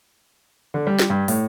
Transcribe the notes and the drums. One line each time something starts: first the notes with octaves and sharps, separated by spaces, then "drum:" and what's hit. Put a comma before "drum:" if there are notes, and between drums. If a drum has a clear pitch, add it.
D3
G3
drum: snare
G2
A2, drum: open hi-hat